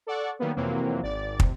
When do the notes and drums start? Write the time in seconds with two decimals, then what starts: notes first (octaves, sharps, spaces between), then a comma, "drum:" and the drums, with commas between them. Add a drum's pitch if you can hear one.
0.07 A4 D5 F#5 C#6
0.39 D#3 F#3 G3 A#3 B3
0.56 F2 C3 E3 F#3 A#3 C4
1.03 G#1 D5 A6
1.40 C3, drum: kick